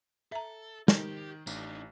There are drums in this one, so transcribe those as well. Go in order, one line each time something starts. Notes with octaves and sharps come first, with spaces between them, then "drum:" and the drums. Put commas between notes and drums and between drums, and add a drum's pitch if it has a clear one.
A4 E5 A#5
D#3 G4, drum: snare
A1 D4 D#4, drum: tambourine